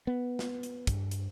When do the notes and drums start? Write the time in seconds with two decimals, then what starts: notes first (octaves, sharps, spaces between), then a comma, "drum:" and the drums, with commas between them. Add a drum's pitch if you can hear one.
0.07 B3
0.39 drum: snare
0.63 drum: hi-hat
0.87 G2, drum: kick, hi-hat
1.11 drum: hi-hat